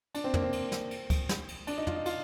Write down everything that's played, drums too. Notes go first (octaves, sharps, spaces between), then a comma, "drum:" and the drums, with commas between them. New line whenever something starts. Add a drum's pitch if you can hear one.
D4, drum: cymbal
C4
A#3, drum: tom
C4
drum: cymbal
drum: snare
drum: cymbal
drum: kick C#2, cymbal
drum: snare
drum: cymbal
D4, drum: cymbal
D#4
F4, drum: tom
D#4
F4, drum: cymbal